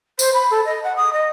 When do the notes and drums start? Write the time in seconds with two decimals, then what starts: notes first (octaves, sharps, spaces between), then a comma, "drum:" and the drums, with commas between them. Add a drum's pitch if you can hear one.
0.19 C5, drum: tambourine
0.33 B5
0.51 A4
0.65 D#5
0.83 F#5
0.96 D#6
1.13 D#5